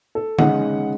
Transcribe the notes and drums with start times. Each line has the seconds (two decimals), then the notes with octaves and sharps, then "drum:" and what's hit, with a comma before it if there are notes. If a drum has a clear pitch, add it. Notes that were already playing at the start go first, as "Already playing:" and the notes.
0.15 A4
0.39 C#3 G#3 D#4 F#5, drum: tom